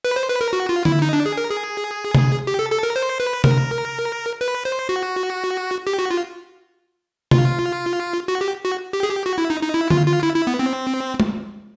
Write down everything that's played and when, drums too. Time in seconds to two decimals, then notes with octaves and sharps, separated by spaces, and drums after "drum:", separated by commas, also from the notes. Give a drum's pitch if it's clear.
0.05 B4
0.16 C5
0.29 B4
0.41 A#4
0.53 F#4
0.69 F4
0.85 E4, drum: tom D3
1.02 D#4
1.13 D4
1.26 G#4
1.38 A#4
1.50 G#4
2.15 drum: tom C3
2.47 G4
2.59 A4
2.72 A4
2.83 A#4
2.96 C5
3.20 B4
3.44 A#4, drum: tom C3
4.41 B4
4.65 C5
4.89 F#4
5.87 G4
5.99 F#4
6.11 F4
7.31 F4, drum: tom C3
8.28 F#4
8.41 G4
8.65 F#4
8.93 G4
9.03 G#4
9.09 G4
9.26 F#4
9.38 E4
9.50 D#4
9.62 D#4
9.74 E4
9.90 F4, drum: tom D3
10.06 F4
10.23 E4
10.35 E4
10.47 B3
10.59 C4
11.20 drum: tom G#3